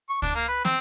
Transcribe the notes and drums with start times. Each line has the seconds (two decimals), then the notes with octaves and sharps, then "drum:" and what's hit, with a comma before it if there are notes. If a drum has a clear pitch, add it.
0.09 C#6
0.22 D4, drum: kick C#2
0.35 A#3
0.48 B4
0.65 C4, drum: snare